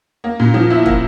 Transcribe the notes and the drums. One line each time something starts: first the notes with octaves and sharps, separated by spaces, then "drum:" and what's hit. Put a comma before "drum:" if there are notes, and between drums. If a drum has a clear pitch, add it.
A#3
A#2
F3
E4
A#3, drum: kick